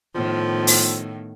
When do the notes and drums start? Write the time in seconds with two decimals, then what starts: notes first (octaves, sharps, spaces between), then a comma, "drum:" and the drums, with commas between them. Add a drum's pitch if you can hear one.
0.15 A2 D#3 F3 B3
0.67 drum: open hi-hat